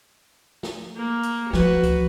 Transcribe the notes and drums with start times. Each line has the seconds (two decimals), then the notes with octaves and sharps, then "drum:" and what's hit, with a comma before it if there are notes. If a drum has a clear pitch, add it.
0.63 drum: snare
0.97 A#3
1.23 drum: hi-hat
1.53 F3 F#4 B4, drum: snare
1.83 drum: kick C#2, hi-hat